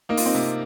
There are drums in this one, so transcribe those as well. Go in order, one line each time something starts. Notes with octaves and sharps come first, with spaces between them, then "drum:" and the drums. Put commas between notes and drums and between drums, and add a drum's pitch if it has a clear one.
A#3 D#4
F4, drum: open hi-hat
C4 D#4
C3